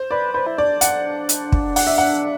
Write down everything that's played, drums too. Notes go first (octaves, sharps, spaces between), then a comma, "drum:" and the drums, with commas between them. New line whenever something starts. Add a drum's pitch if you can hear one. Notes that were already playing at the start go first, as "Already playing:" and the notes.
Already playing: C5
B4 D5
B4 C5
E4
D4 D5
F#5, drum: hi-hat
drum: hi-hat
drum: kick
F#5, drum: open hi-hat
E5
F#5